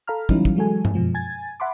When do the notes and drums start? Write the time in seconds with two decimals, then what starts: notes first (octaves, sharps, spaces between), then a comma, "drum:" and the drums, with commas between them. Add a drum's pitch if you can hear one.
0.07 A4 F5 A#5 B5 F6
0.29 E3 F#3 G3 C#4 D#4 E4, drum: kick
0.45 drum: kick
0.56 E3 F#3 G#3 F#4 A4 G#5
0.85 drum: tom G2
0.94 F#2 B2 F3 G#3
1.15 G#5 G#6 A6
1.60 E5 F#5 B5 C6 D6